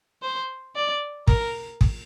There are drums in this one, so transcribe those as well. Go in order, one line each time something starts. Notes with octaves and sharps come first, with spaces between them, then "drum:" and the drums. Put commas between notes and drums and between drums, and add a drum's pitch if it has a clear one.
C5
D5
A#4, drum: kick
drum: kick